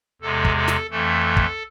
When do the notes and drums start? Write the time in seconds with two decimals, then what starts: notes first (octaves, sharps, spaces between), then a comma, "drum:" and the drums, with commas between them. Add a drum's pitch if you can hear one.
0.22 E2 C3 G#3 A4
0.45 drum: kick
0.56 A4
0.68 drum: snare
0.90 F2 E3 A3 A4
1.37 drum: kick